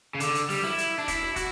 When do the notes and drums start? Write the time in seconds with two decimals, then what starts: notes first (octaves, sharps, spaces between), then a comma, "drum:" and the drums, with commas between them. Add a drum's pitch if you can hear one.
0.15 C#3
0.20 D3, drum: hi-hat
0.35 drum: hi-hat
0.50 G3, drum: open hi-hat
0.64 E4, drum: snare
0.78 drum: hi-hat
0.99 D4
1.08 E4, drum: kick, hi-hat
1.22 drum: snare
1.36 F#4, drum: kick, hi-hat